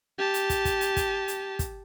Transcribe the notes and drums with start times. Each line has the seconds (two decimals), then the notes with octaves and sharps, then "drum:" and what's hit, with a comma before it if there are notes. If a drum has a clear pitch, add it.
0.18 G4 A5
0.34 drum: hi-hat
0.50 drum: kick, hi-hat
0.65 drum: kick, hi-hat
0.81 drum: hi-hat
0.96 drum: kick, hi-hat
1.28 drum: hi-hat
1.59 drum: kick, hi-hat